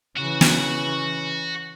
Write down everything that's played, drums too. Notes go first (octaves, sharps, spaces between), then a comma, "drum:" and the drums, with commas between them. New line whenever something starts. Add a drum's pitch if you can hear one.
C#3 E3 F#4
drum: snare